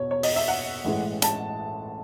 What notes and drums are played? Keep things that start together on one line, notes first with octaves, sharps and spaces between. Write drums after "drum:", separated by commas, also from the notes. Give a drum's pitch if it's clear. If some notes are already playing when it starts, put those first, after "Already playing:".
Already playing: E2 B2 C#5
C#5
D#5, drum: open hi-hat
E5
F#5
A1 A2 E3 G#3
A5, drum: hi-hat